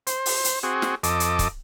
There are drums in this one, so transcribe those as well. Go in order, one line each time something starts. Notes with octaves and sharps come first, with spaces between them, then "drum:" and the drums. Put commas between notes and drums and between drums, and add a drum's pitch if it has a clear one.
C5, drum: hi-hat
drum: open hi-hat
drum: hi-hat
C4 F#4 G#4
drum: snare
F2 A4 D#5 D6, drum: hi-hat
drum: hi-hat
drum: kick, hi-hat